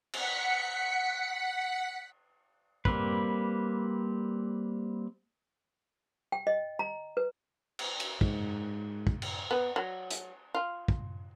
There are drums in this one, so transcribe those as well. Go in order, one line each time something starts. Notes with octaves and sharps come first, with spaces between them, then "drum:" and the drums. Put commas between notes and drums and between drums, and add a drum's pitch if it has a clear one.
F#5 B6 C#7, drum: cymbal
G3 A#3 C4 B4, drum: kick
G5
D#5
A#5
B4
drum: cymbal
drum: cymbal
G#2, drum: kick
drum: kick
drum: cymbal
B3
F#3
drum: hi-hat
F4
drum: kick